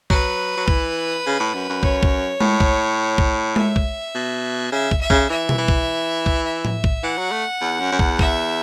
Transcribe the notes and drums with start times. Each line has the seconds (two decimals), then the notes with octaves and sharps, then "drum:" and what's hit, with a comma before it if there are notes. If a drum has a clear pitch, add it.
0.10 F#3 B4, drum: kick
0.57 F#3
0.68 E3, drum: kick
1.26 C#3
1.40 A2
1.54 F#2
1.70 F#2
1.83 C#5, drum: kick
2.03 drum: kick
2.41 A2, drum: tom G#3
2.60 drum: kick
3.18 drum: kick
3.56 E5, drum: tom G#3
3.76 drum: kick
4.15 B2
4.72 C#3 E5
4.91 drum: kick
5.01 E5
5.10 C#3, drum: kick
5.29 E3 E5
5.49 drum: tom B2
5.58 E3
5.68 drum: kick
6.26 drum: kick
6.45 E5
6.65 drum: tom A2
6.84 drum: kick
7.03 E3 F#5
7.18 F#3
7.31 A3
7.61 E2
7.80 F#2
7.92 F#2
7.99 E2, drum: kick
8.19 E5, drum: kick